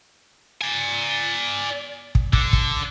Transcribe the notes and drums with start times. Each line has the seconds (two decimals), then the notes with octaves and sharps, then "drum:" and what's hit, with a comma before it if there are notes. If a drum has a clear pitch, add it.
0.61 D5 G#5
2.15 drum: kick
2.33 D3, drum: kick
2.53 drum: kick